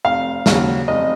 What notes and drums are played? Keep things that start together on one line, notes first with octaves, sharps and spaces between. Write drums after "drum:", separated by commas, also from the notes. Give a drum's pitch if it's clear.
F1 F5
D#2 C#3 F#3, drum: snare
F1 D#5